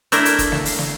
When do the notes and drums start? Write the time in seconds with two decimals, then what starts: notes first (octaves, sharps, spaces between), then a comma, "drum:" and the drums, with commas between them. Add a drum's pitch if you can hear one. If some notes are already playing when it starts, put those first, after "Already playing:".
0.12 A3 D4 E4 A#4, drum: hi-hat
0.25 drum: hi-hat
0.39 drum: kick, hi-hat
0.52 drum: snare
0.65 drum: open hi-hat
0.79 drum: snare